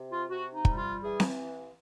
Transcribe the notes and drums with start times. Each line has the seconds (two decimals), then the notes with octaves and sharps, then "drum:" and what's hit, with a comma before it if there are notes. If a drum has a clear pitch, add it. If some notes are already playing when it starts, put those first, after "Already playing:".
Already playing: C3
0.11 F4
0.28 C3 F#4
0.53 D#4
0.65 G3, drum: kick
0.77 F4
1.02 E3 G#4
1.20 drum: snare C4